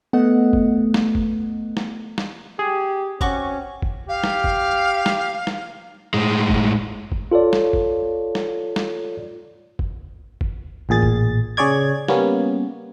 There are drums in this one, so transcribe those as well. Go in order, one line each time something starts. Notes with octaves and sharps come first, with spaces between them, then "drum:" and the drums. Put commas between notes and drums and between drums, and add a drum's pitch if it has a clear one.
A3 B3 D#5 F#5
drum: kick F#1
drum: snare
drum: kick F#1
drum: snare
drum: snare
G4 G#4
C4 C#4 F#4 C#6 D6, drum: kick F#1
drum: kick F#1
G4 F5
drum: snare
drum: kick F#1
drum: snare
drum: snare
A2 G#3
drum: kick F#1
drum: kick F#1
F4 A4 C#5 D5
drum: snare
drum: kick F#1
drum: snare
drum: snare
drum: kick F#1
drum: kick F#1
A1 A#2 G#4 A6
drum: kick F#1
C#3 G#4 C#5 D5 G#6
G3 A#3 B3 C#4, drum: snare